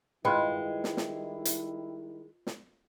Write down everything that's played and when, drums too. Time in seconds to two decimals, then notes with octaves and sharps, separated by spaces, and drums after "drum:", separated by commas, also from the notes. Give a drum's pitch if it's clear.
0.25 D#3 G3 G#3 E4 F4 B4 D#5 G5, drum: tom
0.84 drum: snare
0.97 drum: snare
1.45 drum: hi-hat
2.47 drum: snare